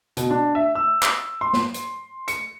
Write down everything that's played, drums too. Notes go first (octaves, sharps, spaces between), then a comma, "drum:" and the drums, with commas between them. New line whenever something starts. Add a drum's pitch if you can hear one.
B2, drum: hi-hat
D4
E5
E6
drum: clap
C6
drum: snare
drum: hi-hat
C#7, drum: hi-hat